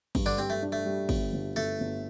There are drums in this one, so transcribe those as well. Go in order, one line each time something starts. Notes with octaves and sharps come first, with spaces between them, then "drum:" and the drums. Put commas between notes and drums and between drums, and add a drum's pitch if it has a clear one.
G2, drum: kick, cymbal
D3 D4
G3 C4
A3
D4
A3
G3
G1, drum: kick, cymbal
G1
G1 A3 A4
G1